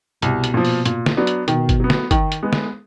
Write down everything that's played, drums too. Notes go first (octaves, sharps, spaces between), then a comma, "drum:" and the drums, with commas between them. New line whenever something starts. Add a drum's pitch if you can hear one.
C2 B2, drum: hi-hat
drum: hi-hat
A#2 F3
drum: open hi-hat
A#2, drum: hi-hat
drum: snare
F#3 B3 D4
drum: hi-hat
B2 D#3, drum: hi-hat
drum: kick, hi-hat
F#3 B3
drum: snare
D#3, drum: kick, hi-hat
drum: hi-hat
G#3 B3
drum: snare